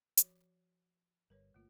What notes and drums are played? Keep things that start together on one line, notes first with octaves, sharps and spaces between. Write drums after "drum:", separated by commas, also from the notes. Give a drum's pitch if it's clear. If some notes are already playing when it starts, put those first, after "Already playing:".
F3 F#4 C#5, drum: hi-hat
G1 G3 A#4 B4 C#5
G1 B2 A3 A#3 F4